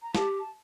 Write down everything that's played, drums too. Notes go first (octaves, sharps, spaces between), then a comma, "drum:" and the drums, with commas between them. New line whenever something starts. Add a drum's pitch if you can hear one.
A#5
G4 A5, drum: snare
A5